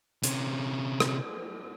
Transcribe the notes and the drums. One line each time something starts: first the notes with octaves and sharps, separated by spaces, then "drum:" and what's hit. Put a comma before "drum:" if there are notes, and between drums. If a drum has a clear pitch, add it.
C3 C#4, drum: hi-hat
drum: rim click